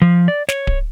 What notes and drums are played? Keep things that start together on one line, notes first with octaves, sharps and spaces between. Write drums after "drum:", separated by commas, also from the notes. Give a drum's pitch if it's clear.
F3
D5
C#5, drum: snare
drum: kick D1